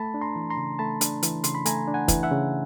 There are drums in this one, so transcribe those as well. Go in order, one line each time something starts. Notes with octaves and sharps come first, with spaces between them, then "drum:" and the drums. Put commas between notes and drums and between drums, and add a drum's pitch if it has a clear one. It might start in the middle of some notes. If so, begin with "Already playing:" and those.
Already playing: A3 A5 B5
D4
A#5 C6
E3
A#5 C6
C#3
A3 A5 B5
D4, drum: hi-hat
E3, drum: hi-hat
C#3 C6, drum: hi-hat
B5
A3 G#5 A#5, drum: hi-hat
D4
F#5 G#5
E3, drum: kick, hi-hat
E5 F#5
C#3